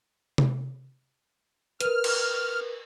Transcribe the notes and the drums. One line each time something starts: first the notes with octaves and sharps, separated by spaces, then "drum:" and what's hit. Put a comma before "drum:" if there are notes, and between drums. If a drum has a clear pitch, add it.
drum: tom C3
A#4 B4 F6, drum: hi-hat
drum: cymbal